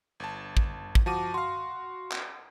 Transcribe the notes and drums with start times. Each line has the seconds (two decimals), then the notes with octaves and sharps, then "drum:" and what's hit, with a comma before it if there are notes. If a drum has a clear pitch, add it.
0.20 G1 A5
0.57 drum: kick
0.95 drum: kick
1.06 F3 F#4 A5 D6 D#7
1.34 F#4 F5 C6
2.12 drum: clap